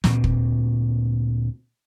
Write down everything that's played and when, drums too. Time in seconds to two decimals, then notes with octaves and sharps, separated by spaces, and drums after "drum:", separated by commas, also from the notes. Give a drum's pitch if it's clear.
0.04 D2 A#2 C4, drum: snare
0.24 drum: kick